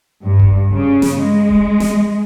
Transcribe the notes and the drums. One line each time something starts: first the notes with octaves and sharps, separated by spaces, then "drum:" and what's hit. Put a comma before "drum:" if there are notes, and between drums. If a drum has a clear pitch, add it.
G2
drum: kick E1
C#3
drum: snare
G#3
drum: kick E1
drum: snare